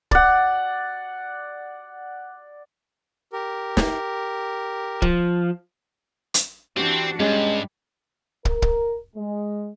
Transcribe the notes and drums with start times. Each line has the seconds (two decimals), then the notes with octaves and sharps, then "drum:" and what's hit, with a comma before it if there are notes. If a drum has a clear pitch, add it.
0.11 D5 F#5, drum: kick
3.33 G4 A#4
3.77 drum: snare
5.02 F3, drum: kick
6.34 drum: hi-hat
6.77 E3 C4 D4 F#4 G4
7.20 G2 G3 G#3 C#4 G#4
8.45 A#4, drum: kick
8.62 drum: kick
9.15 G#3